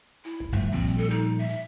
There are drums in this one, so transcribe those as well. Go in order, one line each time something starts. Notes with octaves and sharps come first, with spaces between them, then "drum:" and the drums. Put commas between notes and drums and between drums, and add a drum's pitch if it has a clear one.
E4, drum: hi-hat
drum: kick
G1 G2 F3 A3
A#2 F3 G3 C4, drum: tom
drum: hi-hat
A4
D#4
E5
drum: hi-hat